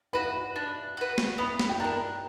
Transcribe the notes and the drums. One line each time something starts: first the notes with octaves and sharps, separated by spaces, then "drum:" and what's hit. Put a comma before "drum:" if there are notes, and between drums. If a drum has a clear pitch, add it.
F#4 B4 B5
D4
F#4 B4
drum: snare
B3 B5
drum: snare
G5
D4 A#4 A#5